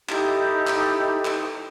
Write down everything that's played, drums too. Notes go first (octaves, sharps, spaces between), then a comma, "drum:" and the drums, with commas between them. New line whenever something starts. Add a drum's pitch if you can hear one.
D#4 E4 G4 A4, drum: clap
drum: clap
drum: clap